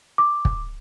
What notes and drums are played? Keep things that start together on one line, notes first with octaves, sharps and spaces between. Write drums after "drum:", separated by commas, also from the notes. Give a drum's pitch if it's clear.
D6
drum: kick